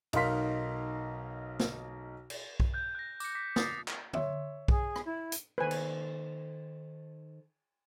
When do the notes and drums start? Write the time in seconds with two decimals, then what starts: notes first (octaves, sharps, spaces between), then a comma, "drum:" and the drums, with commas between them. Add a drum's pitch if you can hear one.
0.13 B1 D#4 A#4 F5 C6 B6, drum: cymbal
1.60 drum: snare
2.30 drum: cymbal
2.60 drum: kick B1
2.74 F#6 G6
2.95 F#6 A#6
3.20 D6 C#7, drum: tambourine
3.35 D6 B6
3.56 D#6 A6 B6 C7, drum: snare
3.88 drum: clap
4.13 C#5 E5 C6, drum: tom D3
4.68 G#4, drum: kick B1
4.96 drum: rim click
5.05 E4
5.32 drum: hi-hat
5.58 D#3 A4 B4 C5 G#5
5.71 drum: cymbal